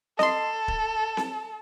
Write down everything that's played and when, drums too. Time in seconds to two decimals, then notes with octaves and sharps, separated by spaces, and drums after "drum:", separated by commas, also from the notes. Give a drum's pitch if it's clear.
0.19 A4 D#5 C6, drum: snare C4
0.68 drum: kick D1
1.17 drum: snare C4